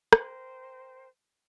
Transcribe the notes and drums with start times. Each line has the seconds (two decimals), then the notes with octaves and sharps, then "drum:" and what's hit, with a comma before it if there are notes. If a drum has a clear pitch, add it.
0.13 A#4 C5 G5, drum: rim click